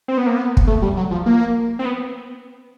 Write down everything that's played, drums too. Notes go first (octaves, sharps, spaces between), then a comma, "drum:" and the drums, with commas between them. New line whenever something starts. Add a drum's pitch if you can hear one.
C4
B3
A#3
B3
drum: kick
A3
G3
F#3
F3
A#3
C4
B3